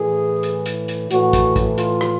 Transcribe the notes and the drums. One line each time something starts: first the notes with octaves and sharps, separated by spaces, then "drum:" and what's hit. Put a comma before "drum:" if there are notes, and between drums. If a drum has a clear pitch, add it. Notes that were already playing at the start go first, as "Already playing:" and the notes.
Already playing: A2 E3 G#4
drum: hi-hat
drum: hi-hat
drum: hi-hat
A2 E3 F#4, drum: hi-hat
drum: kick, hi-hat
drum: kick, hi-hat
F4, drum: hi-hat
drum: rim click